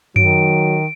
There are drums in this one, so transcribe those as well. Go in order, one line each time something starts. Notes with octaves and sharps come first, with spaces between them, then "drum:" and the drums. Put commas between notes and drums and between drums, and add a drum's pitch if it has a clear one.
D#3 F#3 D7, drum: tom F#2